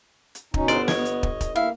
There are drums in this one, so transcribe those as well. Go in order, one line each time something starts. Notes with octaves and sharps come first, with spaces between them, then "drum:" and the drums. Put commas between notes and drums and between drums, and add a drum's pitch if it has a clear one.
drum: hi-hat
B2 C#4 D#4, drum: kick
G1 B3 C5 D5, drum: hi-hat
C#5 D#5, drum: snare
drum: hi-hat
drum: kick
drum: kick, hi-hat
A#3 E4 F5